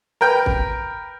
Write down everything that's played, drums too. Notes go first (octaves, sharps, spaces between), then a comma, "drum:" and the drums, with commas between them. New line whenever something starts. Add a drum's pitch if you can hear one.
A#4 B4 G5
drum: kick